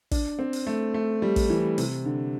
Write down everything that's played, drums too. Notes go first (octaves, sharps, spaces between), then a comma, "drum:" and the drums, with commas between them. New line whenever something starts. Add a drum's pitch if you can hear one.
D4, drum: kick, open hi-hat
C4
drum: open hi-hat
A3
A3
G3
drum: kick, open hi-hat
E3
C3, drum: open hi-hat
D3